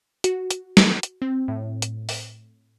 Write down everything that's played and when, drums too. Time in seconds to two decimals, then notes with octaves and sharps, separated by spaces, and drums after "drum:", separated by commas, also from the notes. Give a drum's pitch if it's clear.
0.24 F#4, drum: hi-hat
0.51 drum: hi-hat
0.77 drum: snare
1.03 drum: hi-hat
1.22 C4
1.48 A2
1.82 drum: hi-hat
2.09 drum: open hi-hat